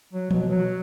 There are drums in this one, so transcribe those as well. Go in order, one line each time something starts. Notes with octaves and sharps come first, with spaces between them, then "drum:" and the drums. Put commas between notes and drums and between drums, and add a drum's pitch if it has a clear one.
F#3
B2, drum: tom E3
F#3